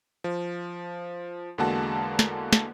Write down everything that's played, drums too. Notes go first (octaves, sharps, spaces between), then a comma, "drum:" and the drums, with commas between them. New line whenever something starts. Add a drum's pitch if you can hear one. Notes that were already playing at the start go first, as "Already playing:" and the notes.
F3
E2 D3 G#3 A#3 F#4 A5
drum: snare
drum: snare